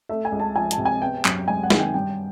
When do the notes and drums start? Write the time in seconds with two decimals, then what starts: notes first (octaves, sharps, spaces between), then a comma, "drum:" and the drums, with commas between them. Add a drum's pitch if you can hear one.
0.09 A3 E5
0.25 G#5
0.32 C#2
0.40 A5
0.55 F3 G#5
0.71 A5, drum: hi-hat
0.78 C3
0.85 G#5
1.01 B3 G5
1.25 F#2, drum: clap
1.48 G#3 G#5
1.63 F#5
1.70 D#3, drum: snare
1.79 G5
1.94 G2 G5